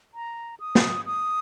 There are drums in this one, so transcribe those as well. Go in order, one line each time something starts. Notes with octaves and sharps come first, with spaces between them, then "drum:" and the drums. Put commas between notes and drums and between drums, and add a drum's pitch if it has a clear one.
A#5
D#6
drum: snare
D#6